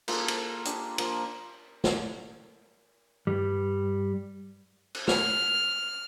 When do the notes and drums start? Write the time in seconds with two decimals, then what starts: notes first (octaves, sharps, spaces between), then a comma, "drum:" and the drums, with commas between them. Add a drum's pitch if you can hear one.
0.08 A#3 F4 G#4 A4, drum: cymbal
0.28 A#4, drum: cymbal
0.65 D4 G4 G#4, drum: hi-hat
0.98 F3 A#3, drum: cymbal
1.84 drum: snare
3.27 G2 G3
4.95 drum: cymbal
5.08 F6, drum: snare